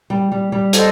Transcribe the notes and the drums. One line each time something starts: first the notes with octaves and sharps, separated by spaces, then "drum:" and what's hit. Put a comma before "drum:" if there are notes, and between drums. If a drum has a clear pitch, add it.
G3
G3
G3
A4 C5 D#5, drum: hi-hat